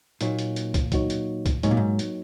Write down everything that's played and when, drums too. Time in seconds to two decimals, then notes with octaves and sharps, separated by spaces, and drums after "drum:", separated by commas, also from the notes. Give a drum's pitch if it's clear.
0.21 A#2 F#3 A#3 D#4 F#4 C#5, drum: hi-hat
0.39 drum: hi-hat
0.56 drum: hi-hat
0.74 drum: kick, hi-hat
0.92 F#3 A#3 D#4 F#4 C#5, drum: kick, hi-hat
1.10 drum: hi-hat
1.46 drum: kick, hi-hat
1.63 G#2 F#3 A#3 D#4 F#4 C#5, drum: hi-hat
1.71 A#2
1.77 G#2
1.99 drum: hi-hat